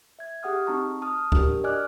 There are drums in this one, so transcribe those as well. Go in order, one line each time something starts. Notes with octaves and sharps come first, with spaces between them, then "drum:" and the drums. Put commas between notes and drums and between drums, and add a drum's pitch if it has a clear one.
E5 G#6
G4 G#4 F#5 D#6 F6
C4 D#4 F#4 A5 A#5 C#6
A5 D#6 F6
D4 F#4 G4 A#4, drum: kick C#2
D5 D#5 G#5 D6 F6 F#6